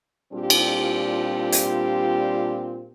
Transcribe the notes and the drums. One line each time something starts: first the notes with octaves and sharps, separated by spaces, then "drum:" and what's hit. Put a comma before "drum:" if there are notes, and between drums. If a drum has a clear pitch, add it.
A#2 G3 C4 D4 F4 G4
drum: cymbal
drum: hi-hat